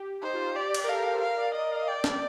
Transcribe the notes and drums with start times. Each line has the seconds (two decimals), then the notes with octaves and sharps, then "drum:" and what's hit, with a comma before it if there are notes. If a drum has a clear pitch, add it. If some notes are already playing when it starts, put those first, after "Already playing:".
Already playing: G4
0.22 D#4 C5
0.34 F4
0.55 G4 D5
0.74 drum: cymbal
0.84 A#4
0.88 A4 F5
1.13 C5
1.21 A#4 F5
1.37 D5
1.54 D#5
1.70 F5
1.87 D5 G5
2.04 drum: snare